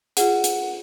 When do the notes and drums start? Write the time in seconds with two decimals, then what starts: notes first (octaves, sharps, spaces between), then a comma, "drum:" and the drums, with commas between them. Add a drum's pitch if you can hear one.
0.17 F4 G#4 F#5, drum: hi-hat
0.44 drum: hi-hat